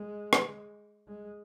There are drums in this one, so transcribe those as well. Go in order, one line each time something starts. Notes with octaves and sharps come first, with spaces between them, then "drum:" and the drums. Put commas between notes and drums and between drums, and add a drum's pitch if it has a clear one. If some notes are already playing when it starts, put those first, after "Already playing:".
Already playing: G#3
drum: rim click
G#3